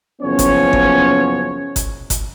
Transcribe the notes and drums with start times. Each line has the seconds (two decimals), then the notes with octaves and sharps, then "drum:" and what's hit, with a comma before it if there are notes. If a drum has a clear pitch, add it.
0.21 F#1 F3 B3 C#4 C#5
0.39 drum: kick G1, hi-hat
0.73 drum: kick G1
1.76 drum: kick G1, hi-hat
2.10 drum: kick G1, hi-hat